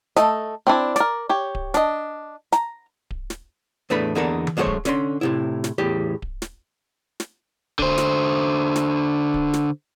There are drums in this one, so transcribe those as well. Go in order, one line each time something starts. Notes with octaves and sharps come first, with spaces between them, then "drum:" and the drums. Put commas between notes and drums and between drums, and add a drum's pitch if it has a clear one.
A3 A4 D#5, drum: snare
C4 D4 E4 D5
A#4 D5, drum: snare
G4 C#5
drum: kick D1
D4 D#5, drum: snare
A#5, drum: snare
drum: kick D1
drum: snare
E2 A2 A3 D4 B4 B5
E2 D3 A#3 D#4 A4 A#4
drum: tom D#3
F#2 G#3 A3 F#4 C5 C#5
drum: kick D1
D3 C#4 C6, drum: snare
A2 C3 E4
drum: snare
E2 A2 G4
drum: kick D1
drum: snare
drum: snare
D3 C5, drum: kick D1
drum: snare
drum: snare
drum: kick D1
drum: snare